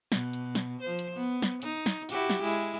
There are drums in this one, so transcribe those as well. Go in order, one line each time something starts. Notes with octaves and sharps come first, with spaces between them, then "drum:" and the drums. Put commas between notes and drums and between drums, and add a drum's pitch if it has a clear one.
B2, drum: snare
drum: hi-hat
drum: snare
F3 C5
drum: hi-hat
B3
drum: snare
D#4, drum: hi-hat
drum: snare
E4 F#4 G4, drum: hi-hat
drum: snare
G#3 E4
drum: hi-hat